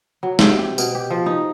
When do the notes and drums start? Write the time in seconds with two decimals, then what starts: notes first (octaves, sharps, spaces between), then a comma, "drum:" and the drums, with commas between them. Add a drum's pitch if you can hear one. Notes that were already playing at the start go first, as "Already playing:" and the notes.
0.23 F#3
0.39 C3, drum: snare
0.58 G4
0.78 B2, drum: tambourine
0.95 G4
1.10 F3
1.26 D#4